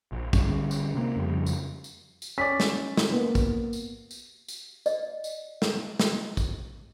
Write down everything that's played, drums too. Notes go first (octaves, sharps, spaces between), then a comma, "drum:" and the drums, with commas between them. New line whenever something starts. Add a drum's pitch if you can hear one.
A#1
D3 G3 G#3 C#4, drum: kick, tambourine
drum: tambourine
C3 A#3
F2 C#3 F3 G3
drum: tambourine
drum: tambourine
drum: tambourine
C#4 D5 B6
drum: snare
drum: snare
A#3 B3
drum: kick, tambourine
drum: tambourine
drum: tambourine
drum: tambourine
D5 D#5, drum: tambourine
drum: tambourine
drum: snare
drum: snare
drum: kick, tambourine